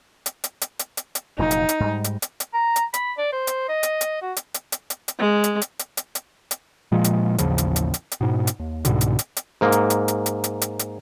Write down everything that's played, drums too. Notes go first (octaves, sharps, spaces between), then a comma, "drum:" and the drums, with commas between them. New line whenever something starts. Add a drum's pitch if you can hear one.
drum: hi-hat
drum: hi-hat
drum: hi-hat
drum: hi-hat
drum: hi-hat
drum: hi-hat
F1 A#2 F#3 D#4
drum: hi-hat
drum: hi-hat
G#2 G3
drum: hi-hat
drum: hi-hat
drum: hi-hat
A#5
drum: hi-hat
B5, drum: hi-hat
D5
C5
drum: hi-hat
D#5
drum: hi-hat
drum: hi-hat
F#4
drum: hi-hat
drum: hi-hat
drum: hi-hat
drum: hi-hat
drum: hi-hat
G#3
drum: hi-hat
drum: hi-hat
drum: hi-hat
drum: hi-hat
drum: hi-hat
drum: hi-hat
A#2 F3 G#3
drum: hi-hat
A1 D#2 C#3 F3, drum: hi-hat
drum: hi-hat
drum: hi-hat
drum: hi-hat
drum: hi-hat
G#2 B2
drum: hi-hat
D#2
C2 G#2 B2 D3, drum: hi-hat
drum: hi-hat
drum: hi-hat
drum: hi-hat
G#2 A#3
drum: hi-hat
drum: hi-hat
drum: hi-hat
drum: hi-hat
drum: hi-hat
drum: hi-hat
drum: hi-hat